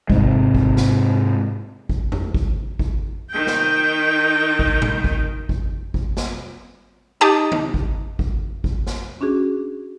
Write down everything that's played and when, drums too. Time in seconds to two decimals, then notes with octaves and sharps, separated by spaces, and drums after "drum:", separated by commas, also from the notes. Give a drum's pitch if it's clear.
0.10 G#2 C3 G#3, drum: kick G#1
0.55 drum: kick G#1
0.77 drum: snare
1.89 drum: kick G#1
2.12 drum: tom F2
2.34 drum: kick G#1
2.79 drum: kick G#1
3.30 D#3 G5
3.47 drum: snare
4.59 drum: kick G#1
4.82 drum: tom A2
5.04 drum: kick G#1
5.49 drum: kick G#1
5.94 drum: kick G#1
6.17 drum: snare
7.21 D#4 G4 A5 D#6
7.52 drum: tom D3
7.74 drum: kick G#1
8.19 drum: kick G#1
8.64 drum: kick G#1
8.87 drum: snare
9.21 C#4 D4 F#4 G#4